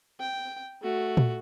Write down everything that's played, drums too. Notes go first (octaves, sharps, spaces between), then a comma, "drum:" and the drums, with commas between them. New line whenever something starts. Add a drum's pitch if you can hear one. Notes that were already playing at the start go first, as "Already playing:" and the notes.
G5
A3 F#4
drum: tom A#2